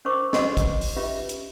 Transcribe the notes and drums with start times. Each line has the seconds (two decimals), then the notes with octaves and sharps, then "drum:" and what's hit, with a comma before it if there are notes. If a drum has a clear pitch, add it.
0.05 C#4 A#4 C5 C#6 D6
0.33 F#4 B4 D#5 C#6, drum: snare
0.57 drum: kick, hi-hat
0.81 drum: open hi-hat
0.96 C#4 F4 G4 B4 E5
1.29 drum: hi-hat